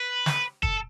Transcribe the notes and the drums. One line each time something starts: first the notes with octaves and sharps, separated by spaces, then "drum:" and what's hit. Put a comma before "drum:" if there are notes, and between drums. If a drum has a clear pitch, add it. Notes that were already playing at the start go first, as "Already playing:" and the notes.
Already playing: B4
drum: snare
A4, drum: kick